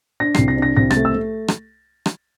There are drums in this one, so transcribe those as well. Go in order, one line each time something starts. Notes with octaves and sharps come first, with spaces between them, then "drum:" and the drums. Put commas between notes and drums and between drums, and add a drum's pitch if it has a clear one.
D4 A#6
C2 C7, drum: rim click
A#6
D4
A#6
C2 A#6
A6, drum: rim click
A3
E6
A3
drum: rim click
drum: rim click